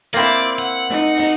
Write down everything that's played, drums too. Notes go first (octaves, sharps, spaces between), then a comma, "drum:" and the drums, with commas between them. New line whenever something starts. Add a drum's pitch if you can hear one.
A#3 C4 E4 D5, drum: hi-hat
drum: hi-hat
F#5
D#4, drum: hi-hat
drum: open hi-hat